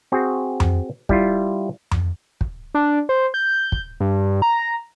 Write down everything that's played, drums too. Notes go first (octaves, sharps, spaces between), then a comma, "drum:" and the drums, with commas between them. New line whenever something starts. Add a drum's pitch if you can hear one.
C4 F#4 G#4
drum: tom F2
G3 E4 F4, drum: kick
drum: tom F2
drum: kick
D4
C5
G6
drum: kick
G2
A#5